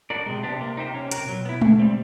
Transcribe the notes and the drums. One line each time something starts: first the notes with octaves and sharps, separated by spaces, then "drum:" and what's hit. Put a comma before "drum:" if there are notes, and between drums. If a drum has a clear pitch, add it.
D4 F#4 A#4 D5
C3 G#3
B3 D4 G4
A#3
D#4 G4 C5
C#4
F#4 A#4, drum: hi-hat
B2 F#3
B3 E4
D3, drum: tom G#3
G3 C4